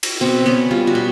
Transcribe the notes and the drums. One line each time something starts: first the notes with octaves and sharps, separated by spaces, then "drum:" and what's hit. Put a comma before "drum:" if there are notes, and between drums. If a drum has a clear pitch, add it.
drum: cymbal
B2 C4
B3 C#4
G3 F4
F#4
B2